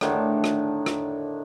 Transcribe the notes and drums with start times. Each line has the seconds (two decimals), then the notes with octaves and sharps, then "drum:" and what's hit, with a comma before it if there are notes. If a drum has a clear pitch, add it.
0.01 A2 D3 D#3 D4, drum: rim click
0.44 drum: rim click
0.86 drum: rim click